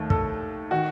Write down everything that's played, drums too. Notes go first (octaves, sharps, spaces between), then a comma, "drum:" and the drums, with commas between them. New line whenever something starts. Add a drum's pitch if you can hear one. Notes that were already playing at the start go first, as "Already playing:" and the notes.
Already playing: D#2 D#3 A3
A4, drum: kick
D#3 F#4